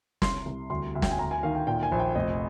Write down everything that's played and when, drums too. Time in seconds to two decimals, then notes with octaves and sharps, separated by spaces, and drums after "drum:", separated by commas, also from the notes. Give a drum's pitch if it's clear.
0.22 C2 C6, drum: snare
0.46 C2
0.70 D2 C6
0.95 D2
1.02 G5, drum: snare
1.11 G#5
1.18 D2 A#5
1.31 G#5
1.43 D#3 F5
1.55 G5
1.67 A#2 G5
1.83 G#5
1.92 A#1
1.99 G5
2.15 F1 D#5